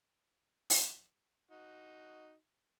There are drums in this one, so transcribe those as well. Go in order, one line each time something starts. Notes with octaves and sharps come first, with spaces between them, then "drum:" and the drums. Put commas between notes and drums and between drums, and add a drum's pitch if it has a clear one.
drum: open hi-hat
D#4 F#4